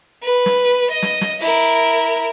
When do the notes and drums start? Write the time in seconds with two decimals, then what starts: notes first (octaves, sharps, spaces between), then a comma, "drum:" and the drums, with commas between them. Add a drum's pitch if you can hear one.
0.23 B4
0.46 drum: snare
0.65 drum: hi-hat
0.90 D#5
1.02 drum: snare
1.21 drum: snare
1.40 E4 A#4, drum: open hi-hat
1.97 drum: hi-hat
2.16 drum: hi-hat